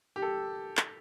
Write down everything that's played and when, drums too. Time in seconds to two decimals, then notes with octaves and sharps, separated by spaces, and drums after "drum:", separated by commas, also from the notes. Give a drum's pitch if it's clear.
0.16 G4
0.22 A4
0.77 drum: clap